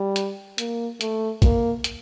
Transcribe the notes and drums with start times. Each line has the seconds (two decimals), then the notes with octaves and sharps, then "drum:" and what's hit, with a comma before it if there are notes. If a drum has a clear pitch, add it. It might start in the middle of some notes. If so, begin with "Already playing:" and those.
Already playing: G3
0.16 drum: hi-hat
0.58 A#3, drum: hi-hat
1.01 A3, drum: hi-hat
1.42 A#3, drum: kick, hi-hat
1.84 drum: hi-hat